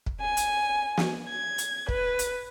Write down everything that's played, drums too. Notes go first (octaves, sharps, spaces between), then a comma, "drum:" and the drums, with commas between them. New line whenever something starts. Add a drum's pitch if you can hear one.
drum: kick
G#5
drum: hi-hat
drum: snare
G#6
drum: hi-hat
B4, drum: kick
drum: hi-hat